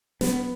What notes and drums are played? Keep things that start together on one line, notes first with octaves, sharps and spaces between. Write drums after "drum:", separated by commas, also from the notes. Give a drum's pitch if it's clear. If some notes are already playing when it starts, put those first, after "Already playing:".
B3, drum: snare